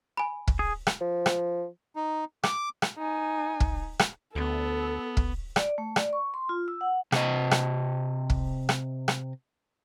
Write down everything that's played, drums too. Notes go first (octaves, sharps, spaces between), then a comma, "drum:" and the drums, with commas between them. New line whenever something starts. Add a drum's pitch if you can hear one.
G#5 B5
drum: kick
G#4
drum: rim click
F3
drum: rim click
D#4
D6, drum: rim click
drum: rim click
D#4 G#5
drum: kick
drum: rim click
D2 B3 A4
drum: kick
D5, drum: rim click
A3
D5, drum: rim click
C#6
C6
F4
E6
F#5
C3 D#5, drum: rim click
drum: rim click
drum: kick
drum: rim click
drum: rim click